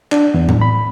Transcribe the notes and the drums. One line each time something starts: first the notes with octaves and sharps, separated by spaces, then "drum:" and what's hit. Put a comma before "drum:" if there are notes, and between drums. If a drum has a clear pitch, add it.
D4, drum: clap
E2
drum: tom A2
B5